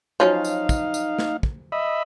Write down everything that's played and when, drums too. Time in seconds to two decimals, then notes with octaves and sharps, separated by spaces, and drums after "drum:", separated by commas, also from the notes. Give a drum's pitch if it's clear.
0.20 F3 F#3 C#4 D#4 F5
0.45 drum: tambourine
0.69 drum: kick, tambourine
0.94 drum: tambourine
1.19 drum: snare
1.43 drum: kick
1.72 D#5 E5 B5